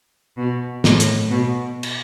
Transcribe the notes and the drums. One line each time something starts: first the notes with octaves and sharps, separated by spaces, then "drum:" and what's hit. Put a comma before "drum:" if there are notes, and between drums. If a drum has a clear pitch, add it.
B2
A2, drum: snare
drum: hi-hat
B2
drum: cymbal